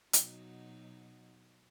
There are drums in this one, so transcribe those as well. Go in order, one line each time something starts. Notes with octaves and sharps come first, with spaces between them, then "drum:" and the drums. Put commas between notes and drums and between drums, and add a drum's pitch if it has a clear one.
B2 F#3 D#4, drum: hi-hat